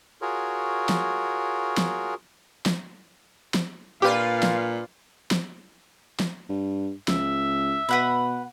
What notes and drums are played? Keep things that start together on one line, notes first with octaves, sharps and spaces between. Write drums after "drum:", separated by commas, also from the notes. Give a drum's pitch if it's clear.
F4 F#4 G#4 A#4 C#5
drum: snare
drum: snare
drum: snare
drum: snare
A#2 D4 F4 G4 B4 F5
drum: snare
drum: snare
drum: snare
G2
C#2 E5, drum: snare
B2 B4 F#5 B5